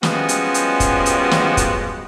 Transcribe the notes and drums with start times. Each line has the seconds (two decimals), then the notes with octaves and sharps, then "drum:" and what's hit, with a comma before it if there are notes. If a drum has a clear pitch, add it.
0.03 F3 G3 G#3 B3 C#4 F#4, drum: snare
0.29 drum: hi-hat
0.54 drum: hi-hat
0.80 drum: kick, hi-hat
1.06 drum: hi-hat
1.31 drum: snare
1.57 drum: kick, hi-hat